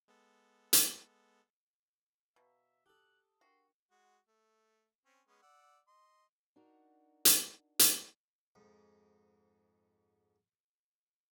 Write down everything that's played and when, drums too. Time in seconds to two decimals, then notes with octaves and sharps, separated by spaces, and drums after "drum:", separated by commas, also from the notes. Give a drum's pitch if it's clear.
0.08 G#3 B3 A4
0.73 drum: hi-hat
2.36 B2 B4 E5 F5 A#5
2.86 G4 A4 A5 D#6 F#6
3.41 D4 F#4 A#4 G5 C6
3.91 G#3 F#4
4.28 A3
5.05 C4 C#4
5.28 G#3 B3 C#4
5.42 D5 F#5 E6
5.88 D#5 C6
6.56 D4 D#4 F#4 A#4
7.25 drum: hi-hat
7.79 drum: hi-hat
8.55 F2 G#2